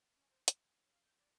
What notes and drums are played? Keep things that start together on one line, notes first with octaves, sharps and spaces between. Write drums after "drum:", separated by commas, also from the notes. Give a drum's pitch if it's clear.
C#4
C5
C6, drum: hi-hat
G#5
F#3
F5
G6
D5